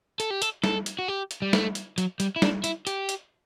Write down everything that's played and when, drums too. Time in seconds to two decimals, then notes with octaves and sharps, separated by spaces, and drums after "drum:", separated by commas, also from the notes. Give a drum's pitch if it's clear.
0.20 A4, drum: hi-hat
0.30 G4
0.42 A4, drum: hi-hat
0.64 A4, drum: snare
0.86 drum: hi-hat
0.99 F#4
1.08 G4
1.31 drum: hi-hat
1.42 G3
1.53 A3, drum: snare
1.75 drum: hi-hat
1.98 F#3, drum: hi-hat
2.20 G3, drum: hi-hat
2.36 E4
2.42 D4, drum: snare
2.64 E4, drum: hi-hat
2.87 G4, drum: hi-hat
3.09 drum: hi-hat